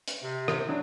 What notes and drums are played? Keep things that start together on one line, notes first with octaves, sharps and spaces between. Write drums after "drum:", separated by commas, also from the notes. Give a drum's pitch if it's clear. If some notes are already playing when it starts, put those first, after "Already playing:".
drum: hi-hat
C3
drum: rim click
F#3 D4 C#5